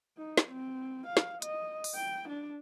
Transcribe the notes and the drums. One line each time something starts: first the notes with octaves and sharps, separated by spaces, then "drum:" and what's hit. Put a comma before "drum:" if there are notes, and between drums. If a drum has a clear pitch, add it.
D#4
drum: snare
C4
F5
drum: snare
D#5, drum: hi-hat
drum: open hi-hat
G5
D4